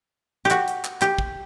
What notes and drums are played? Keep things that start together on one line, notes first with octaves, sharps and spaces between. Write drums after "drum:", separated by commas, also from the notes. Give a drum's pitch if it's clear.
G4
F#4, drum: clap
drum: hi-hat
drum: clap
G4, drum: clap
drum: kick